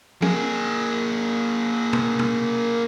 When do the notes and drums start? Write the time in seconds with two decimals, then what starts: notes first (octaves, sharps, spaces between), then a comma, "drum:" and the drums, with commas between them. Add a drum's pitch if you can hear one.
0.22 A#3 G#4, drum: tom F3
1.93 drum: tom
2.19 drum: tom